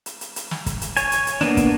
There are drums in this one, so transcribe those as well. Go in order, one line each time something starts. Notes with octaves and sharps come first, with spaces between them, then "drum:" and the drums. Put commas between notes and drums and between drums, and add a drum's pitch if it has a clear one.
drum: hi-hat
drum: hi-hat
drum: hi-hat
drum: snare
drum: kick, hi-hat
drum: hi-hat
C#5 G#5, drum: hi-hat
drum: hi-hat
drum: hi-hat
A#3 B3 D4, drum: snare
drum: kick, hi-hat